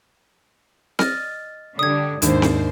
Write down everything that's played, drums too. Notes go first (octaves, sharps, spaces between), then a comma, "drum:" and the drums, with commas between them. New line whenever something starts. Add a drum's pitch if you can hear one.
D#5 F6 A6, drum: snare C4
D3 G3 D#6 G#6
D#2 G#2 D4 C5 E5, drum: hi-hat
drum: snare C4